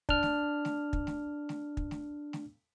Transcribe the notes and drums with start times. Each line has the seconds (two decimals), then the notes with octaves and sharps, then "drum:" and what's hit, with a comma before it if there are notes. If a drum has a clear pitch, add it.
0.09 D4 F6, drum: kick
0.23 drum: snare
0.65 drum: snare
0.93 drum: kick
1.07 drum: snare
1.49 drum: snare
1.77 drum: kick
1.91 drum: snare
2.33 drum: snare